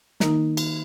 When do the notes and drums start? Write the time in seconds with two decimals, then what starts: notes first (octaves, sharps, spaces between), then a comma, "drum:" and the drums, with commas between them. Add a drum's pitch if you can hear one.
0.20 D#3 A#3 D#4 A#4 A#5, drum: snare
0.57 drum: cymbal